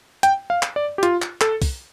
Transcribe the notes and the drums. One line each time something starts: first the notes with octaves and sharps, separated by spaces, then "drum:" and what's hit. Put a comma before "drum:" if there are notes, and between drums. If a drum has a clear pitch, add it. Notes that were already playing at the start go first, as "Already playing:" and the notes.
G5, drum: hi-hat
F5
drum: clap
D5
G4
F4, drum: hi-hat
drum: clap
A4, drum: clap
drum: kick, open hi-hat